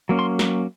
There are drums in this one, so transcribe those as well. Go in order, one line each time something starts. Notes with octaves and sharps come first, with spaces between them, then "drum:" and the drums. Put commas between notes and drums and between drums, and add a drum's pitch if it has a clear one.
F#3 A#3 C#4
C6
drum: snare